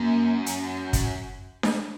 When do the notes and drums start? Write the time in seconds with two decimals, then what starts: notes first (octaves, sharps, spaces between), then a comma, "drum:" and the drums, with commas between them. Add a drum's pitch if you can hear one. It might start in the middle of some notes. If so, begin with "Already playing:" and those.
Already playing: F#2 A#3
0.46 drum: hi-hat
0.93 drum: kick, hi-hat
1.63 drum: snare D4